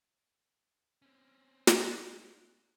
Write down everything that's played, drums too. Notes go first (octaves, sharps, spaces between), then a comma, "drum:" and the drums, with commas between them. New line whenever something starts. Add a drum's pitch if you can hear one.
C4 C#4
drum: snare